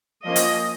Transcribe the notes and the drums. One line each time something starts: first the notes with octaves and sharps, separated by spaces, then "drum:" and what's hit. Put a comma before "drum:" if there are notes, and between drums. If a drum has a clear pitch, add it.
F3 A#3 C#4 D#5
drum: hi-hat